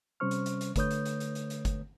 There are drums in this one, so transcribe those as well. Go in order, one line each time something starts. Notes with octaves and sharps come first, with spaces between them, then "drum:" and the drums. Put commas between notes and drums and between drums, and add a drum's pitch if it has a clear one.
C3 G3 C#4 C5 C#6 F6
drum: hi-hat
drum: hi-hat
drum: hi-hat
D3 A3 B4 C#5 D#6 G6, drum: kick G1, hi-hat
drum: hi-hat
drum: hi-hat
drum: hi-hat
drum: hi-hat
drum: hi-hat
drum: kick G1, hi-hat